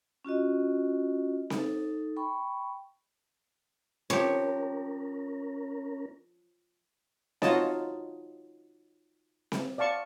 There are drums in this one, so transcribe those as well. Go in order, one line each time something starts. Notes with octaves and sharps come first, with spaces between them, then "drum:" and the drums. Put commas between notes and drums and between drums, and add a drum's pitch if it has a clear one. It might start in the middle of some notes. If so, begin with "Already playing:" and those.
C#4 F4 F#4 D#5
D#4 A4, drum: snare C4
G5 B5 C#6
F3 C#4 G4 A#4 C#5, drum: snare C4
D#4 F4 F#4 C#5 D#5 A5, drum: snare C4
drum: snare C4
D5 F5 A5 C#6